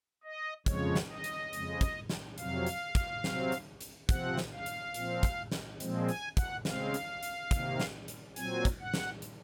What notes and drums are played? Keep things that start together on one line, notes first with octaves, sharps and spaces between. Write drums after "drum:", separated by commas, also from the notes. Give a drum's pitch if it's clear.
D#5
F2 C#3 F3 G#3 C#5, drum: kick, hi-hat
drum: snare
D#5
drum: hi-hat
F2 C#3 G#3, drum: hi-hat
drum: kick, hi-hat
drum: snare
F2 C3 F#3 F5, drum: hi-hat
drum: hi-hat
drum: kick, hi-hat
C3 F#3 C4, drum: snare
drum: hi-hat
drum: hi-hat
C3 F3 C4 F#5, drum: kick, hi-hat
drum: snare
F5
drum: hi-hat
A#2 F3 C4, drum: hi-hat
drum: kick, hi-hat
drum: snare
A#2 F3 G#3 C4, drum: hi-hat
G#5, drum: hi-hat
F#5, drum: kick, hi-hat
C#3 G#3 C4 F5, drum: snare
drum: hi-hat
drum: hi-hat
C3 D#3 A#3, drum: kick, hi-hat
drum: snare
drum: hi-hat
A#2 F#3 C4 G#5, drum: hi-hat
drum: kick, hi-hat
F#5
drum: snare
drum: hi-hat